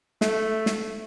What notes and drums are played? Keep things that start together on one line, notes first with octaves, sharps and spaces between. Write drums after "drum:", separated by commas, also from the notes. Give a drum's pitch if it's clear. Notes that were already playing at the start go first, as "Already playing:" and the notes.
A3, drum: snare
drum: snare